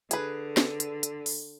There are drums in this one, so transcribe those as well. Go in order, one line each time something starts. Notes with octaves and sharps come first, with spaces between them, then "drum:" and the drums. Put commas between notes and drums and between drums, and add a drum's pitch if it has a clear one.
D3 G#4 B4, drum: hi-hat
drum: snare
drum: hi-hat
drum: hi-hat
drum: open hi-hat